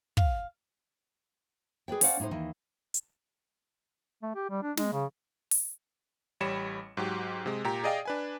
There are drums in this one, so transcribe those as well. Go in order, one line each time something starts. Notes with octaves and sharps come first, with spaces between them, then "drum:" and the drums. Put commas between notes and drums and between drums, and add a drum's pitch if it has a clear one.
F5, drum: kick
G#4 B4 D5 G5
C#4 C5 D5 F5 F#5, drum: open hi-hat
A2 D#4 C5
D#2 E3 D#4
drum: hi-hat
A3
G4
G3
D4
G#3, drum: snare
C#3
drum: open hi-hat
A1 G3 C#5 B5 C#7 E7
G#2 F#3 G4
C3 G#3
A#2 G4 A#5
G#4 D5 D#5 F5 G5
D4 B4 G#5